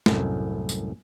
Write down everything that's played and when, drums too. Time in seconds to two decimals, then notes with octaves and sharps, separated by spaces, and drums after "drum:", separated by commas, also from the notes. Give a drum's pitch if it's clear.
0.06 C2 F#2 A2, drum: snare
0.69 drum: tambourine